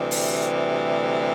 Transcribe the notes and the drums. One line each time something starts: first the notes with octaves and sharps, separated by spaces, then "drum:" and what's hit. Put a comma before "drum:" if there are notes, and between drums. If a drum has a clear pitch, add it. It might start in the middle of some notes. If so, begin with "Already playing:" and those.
Already playing: D2 C3 E3 G3
drum: open hi-hat